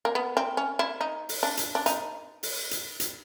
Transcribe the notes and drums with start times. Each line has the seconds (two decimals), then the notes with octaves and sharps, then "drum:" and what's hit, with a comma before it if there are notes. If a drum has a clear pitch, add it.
0.05 A#3
0.15 B3
0.37 C4
0.57 C#4
0.79 E4
1.01 D#4
1.29 drum: open hi-hat
1.43 D4
1.57 drum: hi-hat
1.75 D4
1.86 D#4, drum: hi-hat
2.43 drum: open hi-hat
2.71 drum: hi-hat
3.00 drum: hi-hat